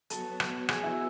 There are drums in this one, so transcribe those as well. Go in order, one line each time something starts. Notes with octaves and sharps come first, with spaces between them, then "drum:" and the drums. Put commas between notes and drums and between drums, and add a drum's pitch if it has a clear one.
F#3 B3 F#4 A4 A5, drum: hi-hat
drum: rim click
F#3 B3 F#4 G#4 G#5, drum: rim click
E4 E5